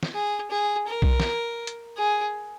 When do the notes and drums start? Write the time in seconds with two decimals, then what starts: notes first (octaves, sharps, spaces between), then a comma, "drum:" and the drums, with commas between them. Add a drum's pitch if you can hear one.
0.03 drum: snare
0.14 G#4
0.50 G#4
0.87 A#4
1.02 drum: kick B1
1.20 drum: snare
1.67 drum: hi-hat
1.97 G#4